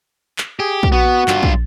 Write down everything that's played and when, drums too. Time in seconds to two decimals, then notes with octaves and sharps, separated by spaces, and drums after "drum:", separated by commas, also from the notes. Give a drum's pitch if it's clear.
0.38 drum: clap
0.60 G4 G#4
0.83 drum: kick
0.92 B3 F#4
1.28 G2 F4, drum: clap
1.43 drum: kick